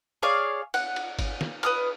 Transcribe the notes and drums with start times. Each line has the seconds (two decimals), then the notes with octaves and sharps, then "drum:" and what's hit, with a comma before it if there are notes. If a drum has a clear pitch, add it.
0.22 G#4 C#5 D5 F5
0.74 F#5, drum: cymbal
0.96 drum: cymbal
1.19 drum: kick G1, cymbal
1.41 drum: snare
1.63 B4 D#6 F6, drum: cymbal